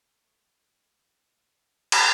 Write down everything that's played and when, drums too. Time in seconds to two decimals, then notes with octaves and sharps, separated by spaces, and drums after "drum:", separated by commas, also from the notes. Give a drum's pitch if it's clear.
0.24 F3 A3 D#4 C#6 D#6
1.92 drum: cymbal